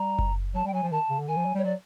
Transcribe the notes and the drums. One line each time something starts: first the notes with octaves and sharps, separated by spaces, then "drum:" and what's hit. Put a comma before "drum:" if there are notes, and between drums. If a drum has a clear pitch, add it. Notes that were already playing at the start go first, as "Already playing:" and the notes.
Already playing: G3 A#5
drum: kick F#1
F#3 A5
G3 G5
F#3 G#5
F3
D#3 A5
C#3
D3
D#3 G#5
F3
F#3
G3 C#5
F#3 D5